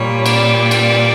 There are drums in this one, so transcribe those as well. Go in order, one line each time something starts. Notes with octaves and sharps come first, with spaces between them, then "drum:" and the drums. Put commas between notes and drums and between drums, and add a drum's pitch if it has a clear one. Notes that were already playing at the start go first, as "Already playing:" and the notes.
Already playing: A#2 G3 C#5
D5, drum: cymbal
drum: cymbal